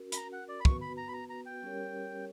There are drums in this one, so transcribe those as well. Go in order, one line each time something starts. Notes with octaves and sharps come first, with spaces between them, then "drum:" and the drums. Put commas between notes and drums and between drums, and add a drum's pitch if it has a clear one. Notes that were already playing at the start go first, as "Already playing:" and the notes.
Already playing: C#4 F#4 A#4
B5, drum: hi-hat
A#5
F#5
D5
B5
B3 F#4 B4 C#6, drum: kick
B5
A#5
B5
A#5
A#5
G5
G3 C#4 G4 A#4 C#5